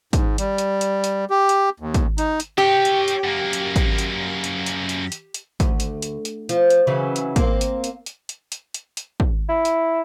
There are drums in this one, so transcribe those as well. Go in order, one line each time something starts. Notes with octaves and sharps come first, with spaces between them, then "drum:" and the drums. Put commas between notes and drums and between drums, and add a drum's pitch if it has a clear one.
G#2, drum: kick, hi-hat
G3, drum: hi-hat
drum: hi-hat
drum: hi-hat
drum: hi-hat
G4
drum: hi-hat
D#2
drum: kick, hi-hat
D#4, drum: hi-hat
drum: hi-hat
G4 C#5 G5
drum: hi-hat
drum: hi-hat
F#2 A#3
drum: hi-hat
drum: kick, hi-hat
drum: hi-hat
drum: hi-hat
drum: hi-hat
drum: hi-hat
drum: hi-hat
drum: hi-hat
D2, drum: kick, hi-hat
drum: hi-hat
drum: hi-hat
drum: hi-hat
F3, drum: hi-hat
drum: hi-hat
C#3 E3 F#3
drum: hi-hat
A#3 C4, drum: kick, hi-hat
drum: hi-hat
drum: hi-hat
drum: hi-hat
drum: hi-hat
drum: hi-hat
drum: hi-hat
drum: hi-hat
drum: kick
E4
drum: hi-hat